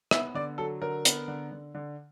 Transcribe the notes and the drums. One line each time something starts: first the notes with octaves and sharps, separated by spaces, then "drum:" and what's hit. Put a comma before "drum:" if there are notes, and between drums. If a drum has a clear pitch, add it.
B3 E5, drum: rim click
D3 D5
F#3 A4
D3 A#4
B3, drum: hi-hat
D3
D3
D3